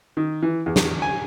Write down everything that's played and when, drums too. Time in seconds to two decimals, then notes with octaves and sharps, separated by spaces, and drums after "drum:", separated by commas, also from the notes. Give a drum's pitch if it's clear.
0.17 D#3
0.43 E3
0.66 E2
0.76 drum: snare
1.02 G#5